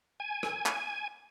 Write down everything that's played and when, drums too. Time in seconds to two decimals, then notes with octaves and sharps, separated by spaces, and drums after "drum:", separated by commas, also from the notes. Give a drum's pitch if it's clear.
0.20 G#5
0.43 drum: rim click
0.66 drum: clap